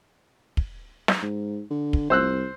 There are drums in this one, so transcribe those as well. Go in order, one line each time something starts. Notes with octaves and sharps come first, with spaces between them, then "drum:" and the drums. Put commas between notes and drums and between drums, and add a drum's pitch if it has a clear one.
drum: kick
drum: snare
G#2
D3
drum: kick
C2 C5 E6 F#6